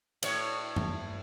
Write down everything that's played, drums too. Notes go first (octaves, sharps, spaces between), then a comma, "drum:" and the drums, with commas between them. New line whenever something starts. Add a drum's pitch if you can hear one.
A2 C#5, drum: cymbal
drum: tom G2